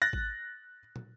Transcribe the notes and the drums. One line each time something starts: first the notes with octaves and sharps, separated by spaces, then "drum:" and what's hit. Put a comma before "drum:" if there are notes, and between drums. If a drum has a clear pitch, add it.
F#6 A6 A#6
drum: kick G#1
drum: tom